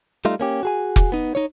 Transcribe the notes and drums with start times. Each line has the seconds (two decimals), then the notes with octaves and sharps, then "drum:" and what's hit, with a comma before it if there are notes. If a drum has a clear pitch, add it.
0.25 G3 A3 D#4 F4
0.40 A#3 C#4 G4
0.63 F#4 G#4 G#5
0.96 drum: kick F1
1.12 B3 D#4
1.35 D#4 C#5